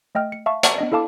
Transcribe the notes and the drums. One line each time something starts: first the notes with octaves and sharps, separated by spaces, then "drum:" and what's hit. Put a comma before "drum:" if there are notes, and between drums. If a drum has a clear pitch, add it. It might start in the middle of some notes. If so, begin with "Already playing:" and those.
A3 D#5 G5 F6
C#7
E5 F5 A5 C#6
E5 F#5 A5 A#5 C#6 D6, drum: hi-hat
B3 D4 D#5
E4 A4 F5 A5 D6